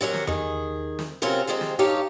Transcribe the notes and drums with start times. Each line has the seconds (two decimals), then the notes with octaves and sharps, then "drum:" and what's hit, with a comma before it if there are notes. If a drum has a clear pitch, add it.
0.01 C3 F#3 C#4 A#4
0.14 drum: snare
0.27 D#3 G#4, drum: tom E2
0.99 drum: snare
1.22 C3 F#3 C4 C#4 F4 A#4
1.47 C3 G#3 C4 F4 C5
1.61 drum: snare
1.79 G2 D#4 G4 C#5 F5 A5